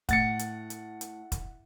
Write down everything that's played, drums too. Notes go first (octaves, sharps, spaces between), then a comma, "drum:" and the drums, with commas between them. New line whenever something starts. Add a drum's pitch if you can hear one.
A2 F#5 A6 C#7, drum: kick, hi-hat
drum: hi-hat
drum: hi-hat
drum: hi-hat
drum: kick, hi-hat